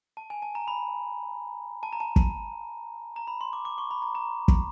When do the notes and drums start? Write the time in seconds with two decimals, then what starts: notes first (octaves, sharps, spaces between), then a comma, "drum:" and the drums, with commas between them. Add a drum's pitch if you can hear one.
0.17 A5
0.30 G#5
0.42 A5
0.55 A#5
0.68 B5
1.83 A5
1.93 A#5
2.00 A5
2.16 A5, drum: kick
3.16 A#5
3.28 B5
3.41 C6
3.53 D6
3.65 D6
3.78 C#6
3.91 B5
4.02 A#5
4.15 A#5
4.48 drum: kick